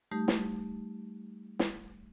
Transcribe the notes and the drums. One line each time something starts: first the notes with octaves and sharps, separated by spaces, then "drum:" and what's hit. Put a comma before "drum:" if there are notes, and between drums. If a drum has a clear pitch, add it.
G3 A3 D#4 G4
drum: snare
drum: snare